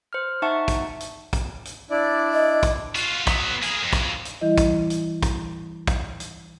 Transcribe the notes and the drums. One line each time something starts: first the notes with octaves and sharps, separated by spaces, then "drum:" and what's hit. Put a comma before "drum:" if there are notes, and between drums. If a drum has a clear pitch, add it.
C5 F6
D#4 E5 F#5 A5 C#6
drum: kick, hi-hat
drum: hi-hat
drum: kick, hi-hat
drum: hi-hat
D4 E4 D5
D#5
drum: kick, hi-hat
F4 F#4, drum: hi-hat
F#3 B3, drum: kick, hi-hat
A#3 G#4, drum: hi-hat
F2
drum: kick, hi-hat
drum: hi-hat
E3 G3 E4 D#5
drum: kick, hi-hat
drum: hi-hat
drum: kick, hi-hat
drum: kick, hi-hat
drum: hi-hat